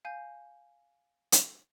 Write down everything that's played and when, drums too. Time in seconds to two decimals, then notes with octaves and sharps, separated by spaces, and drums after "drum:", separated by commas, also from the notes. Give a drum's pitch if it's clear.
0.05 F5 G#5 G6
1.32 drum: hi-hat